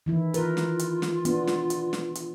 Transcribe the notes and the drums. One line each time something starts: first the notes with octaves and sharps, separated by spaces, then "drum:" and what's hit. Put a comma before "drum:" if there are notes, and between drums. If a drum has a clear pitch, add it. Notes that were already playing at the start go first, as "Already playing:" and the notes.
D#3 E3 E4
F4 A#4 B4, drum: hi-hat
drum: snare
drum: hi-hat
drum: snare
B3 D4, drum: hi-hat
drum: snare
drum: hi-hat
drum: snare
drum: hi-hat